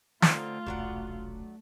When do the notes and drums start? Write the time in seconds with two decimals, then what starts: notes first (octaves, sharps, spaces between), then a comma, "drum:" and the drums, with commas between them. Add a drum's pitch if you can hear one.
0.22 D3 A3 C4 D#4 F4, drum: snare
0.67 D#1 B1 F#3 D4 F#5